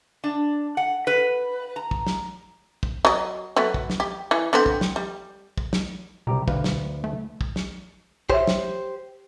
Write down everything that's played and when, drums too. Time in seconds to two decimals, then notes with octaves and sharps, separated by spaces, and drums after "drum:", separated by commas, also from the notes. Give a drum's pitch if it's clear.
0.24 D4
0.77 F#5
1.07 B4
1.76 A#5
1.91 drum: kick
2.07 drum: snare
2.83 drum: kick
3.05 F#3 D#5
3.56 F#3 A3 B3
3.74 drum: kick
3.90 drum: snare
4.00 G4
4.31 E3
4.53 D3 B3 C4
4.66 drum: kick
4.81 drum: snare
4.96 G3
5.58 drum: kick
5.73 drum: snare
6.27 C2 B2 G4 A#5
6.48 D2 B4 F5, drum: kick
6.64 drum: snare
7.04 A3
7.41 drum: kick
7.56 drum: snare
8.30 G4 C5 C#5 E5, drum: kick
8.47 drum: snare